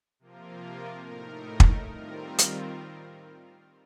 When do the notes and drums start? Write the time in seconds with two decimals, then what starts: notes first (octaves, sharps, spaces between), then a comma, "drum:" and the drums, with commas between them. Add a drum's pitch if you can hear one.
0.19 C3 F3 A#3 F4 A#4
1.04 A2 A3 D#4 A#4
1.60 drum: kick
1.89 D#3 G3 C4 F4 A#4
2.38 drum: hi-hat